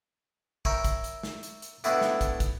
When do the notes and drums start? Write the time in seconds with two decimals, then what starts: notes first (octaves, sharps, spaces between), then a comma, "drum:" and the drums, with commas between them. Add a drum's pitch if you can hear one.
0.65 A#4 C#5 E5 G5 B5, drum: kick
0.84 drum: kick, hi-hat
1.04 drum: hi-hat
1.23 drum: snare
1.43 drum: hi-hat
1.62 drum: hi-hat
1.84 A2 B3 D4 E4 F#4, drum: hi-hat
2.01 drum: snare
2.21 drum: kick, hi-hat
2.40 drum: kick, hi-hat